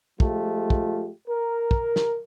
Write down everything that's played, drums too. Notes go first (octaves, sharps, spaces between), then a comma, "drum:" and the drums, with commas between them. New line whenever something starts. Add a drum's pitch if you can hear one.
F3 G#3 A3 F4 G4, drum: kick
drum: kick
A#4
drum: kick
drum: snare